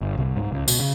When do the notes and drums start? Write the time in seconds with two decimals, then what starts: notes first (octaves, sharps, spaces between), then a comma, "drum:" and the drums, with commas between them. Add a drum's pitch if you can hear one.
0.01 G1
0.17 C2
0.36 G#2
0.52 C#2
0.68 B2, drum: tambourine
0.80 C#3